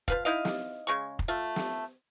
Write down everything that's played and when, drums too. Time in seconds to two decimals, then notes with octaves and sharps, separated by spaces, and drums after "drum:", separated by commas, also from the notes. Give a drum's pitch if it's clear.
0.08 F3 B4 F5, drum: kick F1
0.25 D#4 E4 D#5 F5
0.45 drum: snare
0.87 C#3 G#3 C#6
1.19 drum: kick F1
1.28 A3 F4
1.56 drum: snare